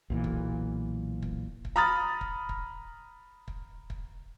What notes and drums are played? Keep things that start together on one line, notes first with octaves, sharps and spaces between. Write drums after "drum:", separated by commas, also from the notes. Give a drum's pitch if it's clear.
B1 A#2 E3
drum: kick
drum: kick
drum: kick
A#5 B5 D#6 F6 A6
drum: kick
drum: kick
drum: kick
drum: kick